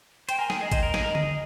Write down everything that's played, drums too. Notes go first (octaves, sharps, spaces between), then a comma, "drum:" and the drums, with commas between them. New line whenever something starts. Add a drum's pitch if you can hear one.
C5 G5, drum: hi-hat
A#4 G#5
G#4 G5, drum: snare
G#4 D#5
C5 D#5, drum: kick G#1, hi-hat
A#4
G#4, drum: snare
A#4
G#4, drum: tom D3